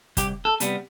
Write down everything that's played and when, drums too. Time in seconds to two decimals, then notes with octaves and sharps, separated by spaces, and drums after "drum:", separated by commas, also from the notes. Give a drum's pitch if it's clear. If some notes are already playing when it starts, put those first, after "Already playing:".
0.17 C2 G4, drum: kick, hi-hat
0.45 A4
0.60 C3 G3 B3, drum: hi-hat